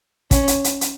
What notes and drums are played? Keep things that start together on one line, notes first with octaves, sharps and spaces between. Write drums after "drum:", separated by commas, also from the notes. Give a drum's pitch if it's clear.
C#4, drum: kick, hi-hat
drum: hi-hat
drum: hi-hat
drum: hi-hat